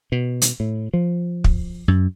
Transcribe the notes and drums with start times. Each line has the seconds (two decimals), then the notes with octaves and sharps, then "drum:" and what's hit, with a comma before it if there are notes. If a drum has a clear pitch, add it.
0.12 B2
0.42 drum: hi-hat
0.60 A2
0.94 F3
1.44 drum: kick
1.88 F#2